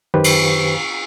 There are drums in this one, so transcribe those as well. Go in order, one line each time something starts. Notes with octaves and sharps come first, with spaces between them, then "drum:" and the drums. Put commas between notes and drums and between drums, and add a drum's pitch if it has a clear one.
F#2 D#3 G4 B4 C5
drum: cymbal